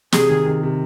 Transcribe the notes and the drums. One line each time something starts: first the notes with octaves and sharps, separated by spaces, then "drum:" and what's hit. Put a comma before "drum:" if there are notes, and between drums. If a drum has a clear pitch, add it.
C3 G#4, drum: snare
D#3
D#3
C3